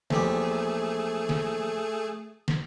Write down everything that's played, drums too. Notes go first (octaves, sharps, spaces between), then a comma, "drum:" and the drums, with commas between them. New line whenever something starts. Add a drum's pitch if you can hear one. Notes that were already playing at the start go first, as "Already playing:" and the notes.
A#1 E2 A3 G4 G#4, drum: snare
drum: snare
drum: snare